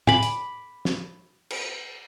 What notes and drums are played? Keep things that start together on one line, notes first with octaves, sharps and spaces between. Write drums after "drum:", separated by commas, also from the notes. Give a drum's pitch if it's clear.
G#5 B5 D6, drum: tom
drum: hi-hat
drum: snare
drum: cymbal